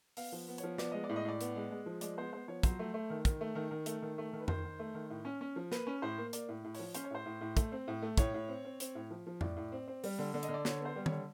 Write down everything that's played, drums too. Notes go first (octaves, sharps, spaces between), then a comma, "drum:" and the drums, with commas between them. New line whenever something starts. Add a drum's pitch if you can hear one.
B3 F5, drum: open hi-hat
F3
B3
C#5, drum: hi-hat
F3
B3 D5, drum: snare
G#3 D#5
D5
A2
D#5
A2 D5
B3, drum: hi-hat
G#3
G#3
F3
G#3 D5, drum: hi-hat
B3 C5
B3 C5
F3 C#5
F#3 C5, drum: kick, hi-hat
A3
A3
D#3
D#3, drum: kick, hi-hat
A3
D#3
D#3
A3, drum: hi-hat
D#3
A3
D#3
B4
D#3 C5, drum: tom F2
D#3
A3
D#3
A2
C#4
C#4
F3
A#3 B4, drum: snare
C#4
A2 C5
A#3
A#3 D5, drum: hi-hat
A2
A2
F3 C#5, drum: open hi-hat
C#4 C5, drum: hi-hat
C#5
A2 C5
A2
A2
A3, drum: kick, hi-hat
C4
A2
A3
A2 C#5, drum: kick, hi-hat
A2
C4
C4
C4, drum: hi-hat
A2
F3
F3
A2 D5, drum: tom F2
A2
C4
C4
G3, drum: open hi-hat
D3
D3
D#5, drum: hi-hat
D3
D5
D3 C#5, drum: snare
B3 C5
G3
D3 C#5, drum: tom D#3